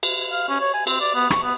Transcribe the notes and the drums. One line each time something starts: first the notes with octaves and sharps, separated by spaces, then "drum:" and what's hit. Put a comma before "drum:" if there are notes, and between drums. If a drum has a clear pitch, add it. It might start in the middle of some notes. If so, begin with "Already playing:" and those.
drum: cymbal
F5
C#4
C#5
G#5
C4, drum: cymbal
D5
B3
C#6, drum: rim click
B3